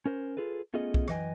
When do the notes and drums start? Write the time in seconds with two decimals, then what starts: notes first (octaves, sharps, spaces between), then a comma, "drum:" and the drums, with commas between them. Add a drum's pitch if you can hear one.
0.06 C#4 A#4 C5
0.37 F4 G#4 A4 B4
0.74 A3 B3 C#4 F4 G#4 D#5
0.94 drum: kick B1
1.08 F#2 E3 B4 D#5 G5 G#5, drum: rim click